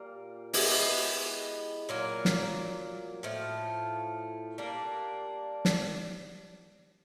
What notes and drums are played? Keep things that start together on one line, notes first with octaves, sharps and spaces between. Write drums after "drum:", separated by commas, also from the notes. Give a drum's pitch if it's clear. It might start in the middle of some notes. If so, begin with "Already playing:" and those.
Already playing: A#2 G3 A#3
G#3 B3 E4 G4, drum: open hi-hat
A#2 F#3 A#3
drum: snare
A2 F3 A3
G3 A#3 D4
drum: snare